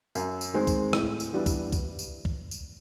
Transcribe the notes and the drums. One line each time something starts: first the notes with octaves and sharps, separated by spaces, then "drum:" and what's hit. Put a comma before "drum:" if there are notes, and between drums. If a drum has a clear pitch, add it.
F#2, drum: tambourine
drum: tambourine
D#3 G#3 C4
drum: kick, tambourine
A2, drum: rim click
drum: tambourine
E3 G3 B3 D4
drum: kick, tambourine
drum: kick, tambourine
drum: tambourine
drum: kick
drum: tambourine